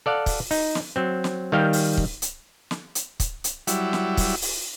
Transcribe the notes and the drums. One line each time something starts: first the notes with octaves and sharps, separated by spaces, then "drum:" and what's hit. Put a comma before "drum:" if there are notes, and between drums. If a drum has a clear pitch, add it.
A4 D5 F5 F#5
drum: kick, open hi-hat
D#4, drum: open hi-hat
drum: snare
F#3 C4
drum: snare
D#3 G3 F5 G5
drum: open hi-hat
drum: kick
drum: hi-hat
drum: snare
drum: hi-hat
drum: kick, hi-hat
drum: hi-hat
F#3 G3 E4, drum: hi-hat
drum: snare
drum: kick, open hi-hat
drum: open hi-hat